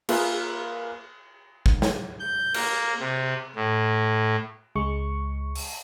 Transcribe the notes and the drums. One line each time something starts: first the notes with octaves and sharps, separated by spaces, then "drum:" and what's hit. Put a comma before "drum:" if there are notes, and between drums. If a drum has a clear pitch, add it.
A#3 F4 G#4 A#4 B4 E5, drum: cymbal
drum: kick
drum: snare
G6
A#3, drum: cymbal
C3
A2
C#2 G#3 C#6
drum: open hi-hat